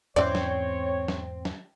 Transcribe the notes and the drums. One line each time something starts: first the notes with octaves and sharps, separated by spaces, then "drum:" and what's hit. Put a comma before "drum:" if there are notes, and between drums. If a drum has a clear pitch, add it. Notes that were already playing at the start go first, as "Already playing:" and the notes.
E2 G#2 E3 A3 C4 C#4 C#5 D5
drum: snare
drum: snare
drum: snare